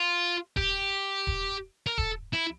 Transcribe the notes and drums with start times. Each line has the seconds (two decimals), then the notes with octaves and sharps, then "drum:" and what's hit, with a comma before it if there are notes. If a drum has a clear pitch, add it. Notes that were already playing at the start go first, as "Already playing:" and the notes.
Already playing: F4
0.57 G4, drum: kick D#1
1.27 drum: kick D#1
1.87 A#4
1.98 A4, drum: kick D#1
2.33 E4